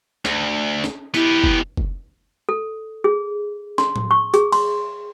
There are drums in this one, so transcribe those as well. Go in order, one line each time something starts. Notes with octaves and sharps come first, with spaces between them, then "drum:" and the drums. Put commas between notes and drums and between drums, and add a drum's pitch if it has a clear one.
D2, drum: rim click
drum: snare
B3 E4 G4, drum: tambourine
drum: kick
drum: kick
A4
G#4
C6, drum: snare
drum: tom A2
C#6
G#4, drum: hi-hat
C6, drum: cymbal